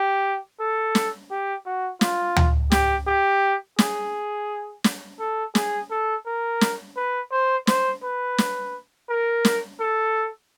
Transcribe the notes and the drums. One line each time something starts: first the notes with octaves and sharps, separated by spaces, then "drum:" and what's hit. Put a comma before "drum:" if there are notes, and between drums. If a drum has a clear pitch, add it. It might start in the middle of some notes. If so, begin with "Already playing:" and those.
Already playing: G4
A4
drum: snare
G4
F#4
F4, drum: snare
drum: tom D2
G4, drum: snare
G4
G#4, drum: snare
drum: snare
A4
G#4, drum: snare
A4
A#4
drum: snare
B4
C5
C5, drum: snare
B4
drum: snare
A#4
drum: snare
A4